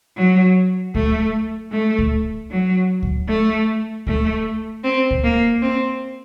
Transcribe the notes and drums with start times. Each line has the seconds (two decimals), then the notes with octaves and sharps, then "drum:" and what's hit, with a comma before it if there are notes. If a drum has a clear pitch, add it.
0.17 F#3
0.95 A3, drum: kick C#2
1.72 A3
1.98 drum: kick C#2
2.50 F#3
3.03 drum: kick C#2
3.29 A3
4.07 A3, drum: kick C#2
4.84 C4
5.11 drum: kick C#2
5.24 A#3
5.62 C4